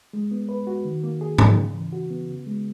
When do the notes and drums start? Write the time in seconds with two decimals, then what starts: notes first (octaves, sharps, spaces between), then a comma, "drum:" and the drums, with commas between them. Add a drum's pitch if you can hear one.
0.13 G#3
0.31 B3
0.49 B4
0.67 F#4
0.85 D#3
1.03 A#3
1.21 G#4
1.38 D#4, drum: tom G#2
1.56 C#3
1.74 E3
1.93 F#4
2.10 B3
2.29 C#3
2.46 G#3